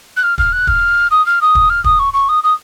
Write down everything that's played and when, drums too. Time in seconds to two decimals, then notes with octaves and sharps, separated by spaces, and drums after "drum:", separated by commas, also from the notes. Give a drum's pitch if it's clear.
0.16 F#6
0.23 F6
0.38 F6, drum: kick
0.52 F#6
0.67 F6, drum: kick
1.11 D#6
1.26 F6
1.41 D#6
1.55 drum: kick
1.69 F6
1.84 D#6, drum: kick
1.99 C#6
2.13 C#6
2.28 D#6
2.43 D#6